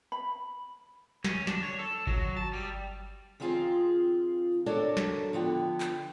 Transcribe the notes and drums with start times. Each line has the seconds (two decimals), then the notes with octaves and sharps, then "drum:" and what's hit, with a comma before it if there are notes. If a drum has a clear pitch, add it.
0.12 B5
1.24 C#4, drum: snare
1.47 D4, drum: snare
1.63 C#5
1.79 A4
2.07 F#3, drum: kick G#1
2.37 A5
2.53 G3
3.40 D#3 F3 C4 F4 G#4
4.66 D4 F#4 A4 A#4 C#5 D5
4.97 drum: snare
5.33 D3 F3 B3 G5
5.80 drum: clap